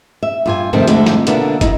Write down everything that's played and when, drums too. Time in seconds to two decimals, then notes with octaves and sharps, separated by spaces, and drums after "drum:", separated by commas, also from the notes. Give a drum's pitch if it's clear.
0.23 E5
0.46 G2 F4 G#5
0.73 G2 C3 D#3 F3 A3 C4
0.88 F2 D3 G#3 A3, drum: hi-hat
1.06 drum: snare
1.27 B2 D3 A#3 B3 D4 E5, drum: hi-hat
1.61 D#4 E4, drum: kick, hi-hat